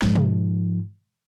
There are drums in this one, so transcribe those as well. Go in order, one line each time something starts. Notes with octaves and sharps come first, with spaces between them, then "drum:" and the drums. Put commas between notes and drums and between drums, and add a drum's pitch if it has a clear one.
G#2 F3, drum: snare
drum: tom B2